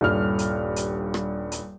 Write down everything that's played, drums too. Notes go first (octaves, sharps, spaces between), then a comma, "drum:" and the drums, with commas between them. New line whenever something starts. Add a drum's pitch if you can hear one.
D#1 G2 F6
drum: hi-hat
drum: hi-hat
drum: rim click
drum: hi-hat